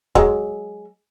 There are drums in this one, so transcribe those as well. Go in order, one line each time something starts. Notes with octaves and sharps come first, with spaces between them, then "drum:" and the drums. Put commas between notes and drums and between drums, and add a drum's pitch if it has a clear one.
F#3 G#3, drum: kick